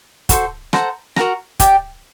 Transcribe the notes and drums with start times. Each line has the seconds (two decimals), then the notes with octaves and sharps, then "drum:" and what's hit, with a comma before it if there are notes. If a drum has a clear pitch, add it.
0.29 F#4 A4 C5, drum: kick, hi-hat
0.73 A4 C5 F#5 A#5, drum: rim click
1.16 F#4 A#4 F#5 A#5, drum: rim click
1.60 G4 D5 G5, drum: kick, hi-hat